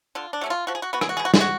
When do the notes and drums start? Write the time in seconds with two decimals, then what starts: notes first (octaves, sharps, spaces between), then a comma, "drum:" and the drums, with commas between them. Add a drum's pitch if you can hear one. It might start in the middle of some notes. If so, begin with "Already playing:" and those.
0.15 D3 F4
0.33 D4
0.41 F#3 A3 C#4
0.50 F4
0.67 F3 F#4
0.75 G#4
0.82 F#4
0.93 B3 F#4
1.01 G#4, drum: rim click
1.09 F#4
1.17 B2 G#4
1.25 F#4
1.34 G#4, drum: snare
1.41 F#4